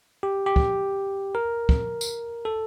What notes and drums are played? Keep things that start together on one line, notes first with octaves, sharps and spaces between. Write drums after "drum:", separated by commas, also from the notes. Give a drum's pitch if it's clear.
G4
G4
drum: kick
A#4
drum: kick
drum: tambourine
A4